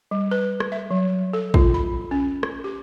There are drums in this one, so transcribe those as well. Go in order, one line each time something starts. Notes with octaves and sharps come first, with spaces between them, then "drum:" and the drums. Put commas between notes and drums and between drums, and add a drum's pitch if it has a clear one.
G3
B4
drum: rim click
E5
F#3
A4
F4, drum: kick
B5
C#4
drum: rim click
G4